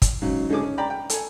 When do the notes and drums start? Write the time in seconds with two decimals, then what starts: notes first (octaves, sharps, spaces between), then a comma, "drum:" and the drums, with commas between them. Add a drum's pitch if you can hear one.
0.02 drum: kick, hi-hat
0.22 G#2 C#3 F#3
0.49 G#2 D3 C#4 G#4 D6
0.63 C#4
0.78 D5 G5 A#5 B5
0.90 G5
1.10 A4 G#5, drum: hi-hat